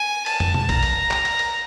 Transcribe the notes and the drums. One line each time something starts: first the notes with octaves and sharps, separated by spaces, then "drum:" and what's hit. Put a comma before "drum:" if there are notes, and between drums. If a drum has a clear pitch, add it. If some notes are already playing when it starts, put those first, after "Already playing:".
Already playing: G#5
A5, drum: cymbal
drum: tom
drum: tom B2
A#5, drum: kick A#1, cymbal
drum: cymbal
drum: clap
drum: cymbal
drum: cymbal